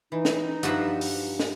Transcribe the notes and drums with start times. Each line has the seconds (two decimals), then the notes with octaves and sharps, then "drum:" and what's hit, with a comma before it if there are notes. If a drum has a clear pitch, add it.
0.12 E3 D#4
0.25 drum: snare
0.63 G2 F3 F#4 E5 F#5 B5, drum: hi-hat
1.01 drum: open hi-hat
1.39 drum: snare